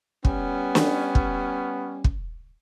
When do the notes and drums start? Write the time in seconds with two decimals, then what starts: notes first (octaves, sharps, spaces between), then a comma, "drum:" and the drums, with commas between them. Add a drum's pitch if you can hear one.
0.25 G3 B3 C#4, drum: kick
0.75 drum: snare
1.15 drum: kick
2.04 drum: kick